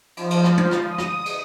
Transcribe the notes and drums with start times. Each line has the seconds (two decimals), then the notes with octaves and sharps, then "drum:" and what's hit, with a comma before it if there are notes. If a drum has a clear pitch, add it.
0.17 F3, drum: cymbal
0.30 drum: cymbal
0.44 drum: rim click
0.58 drum: tom
0.71 drum: rim click
0.87 D#6
0.98 drum: rim click
1.26 drum: cymbal